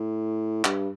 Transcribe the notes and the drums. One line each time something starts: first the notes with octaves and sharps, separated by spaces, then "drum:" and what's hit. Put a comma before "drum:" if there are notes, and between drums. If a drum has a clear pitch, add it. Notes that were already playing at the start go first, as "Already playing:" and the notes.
Already playing: A2
G2, drum: clap